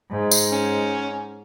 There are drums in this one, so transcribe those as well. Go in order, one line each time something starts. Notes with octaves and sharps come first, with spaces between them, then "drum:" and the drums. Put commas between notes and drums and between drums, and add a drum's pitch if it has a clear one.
G#2
drum: tambourine
C#4